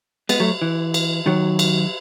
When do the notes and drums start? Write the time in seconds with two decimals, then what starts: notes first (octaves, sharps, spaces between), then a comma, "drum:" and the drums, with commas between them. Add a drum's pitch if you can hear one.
0.29 G#3 B3, drum: cymbal
0.40 F#3 A3
0.62 E3
0.94 drum: cymbal
1.26 D#3 F#3
1.59 drum: cymbal